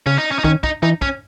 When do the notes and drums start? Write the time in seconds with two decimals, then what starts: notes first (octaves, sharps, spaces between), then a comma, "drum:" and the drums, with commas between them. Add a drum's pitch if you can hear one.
0.06 C#3 C#4
0.18 D#4
0.31 C#4
0.39 D#4
0.44 D#3 C#4, drum: kick
0.64 D#4, drum: kick
0.83 E3 D#4
1.02 C#4, drum: kick